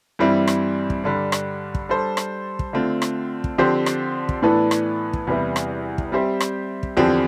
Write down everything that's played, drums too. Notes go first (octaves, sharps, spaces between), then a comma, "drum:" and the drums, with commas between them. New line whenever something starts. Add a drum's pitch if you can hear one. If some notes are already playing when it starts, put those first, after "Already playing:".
G2 E3 G3 C4 E4
drum: rim click
drum: kick
G2 D3 G3
drum: rim click
drum: kick
G3 D4 A4 C5
drum: rim click
drum: kick
D3 A3 C4 F4
drum: rim click
drum: kick
D3 F3 C4 G4 C5
drum: rim click
drum: kick
A2 E3 B3 D4 A4
drum: rim click
drum: kick
E2 C3 G3 B3 E4
drum: rim click
drum: kick
G3 C4 G4 C5 E5
drum: rim click
drum: kick
E2 D3 F3 C4 G4